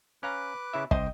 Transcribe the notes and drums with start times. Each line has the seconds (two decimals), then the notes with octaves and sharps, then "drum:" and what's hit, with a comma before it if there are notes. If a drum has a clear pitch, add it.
0.23 C#4 B4 F5 A#5 D6 F#6
0.73 C#3 E4 E5
0.91 C2 C5 D#5 G5, drum: kick